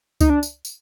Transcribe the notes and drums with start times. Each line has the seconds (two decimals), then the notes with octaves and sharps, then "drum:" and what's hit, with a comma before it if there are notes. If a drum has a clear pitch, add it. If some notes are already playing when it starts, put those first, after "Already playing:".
0.21 D#4, drum: kick C#2, tambourine
0.30 D4
0.43 drum: tambourine
0.65 drum: tambourine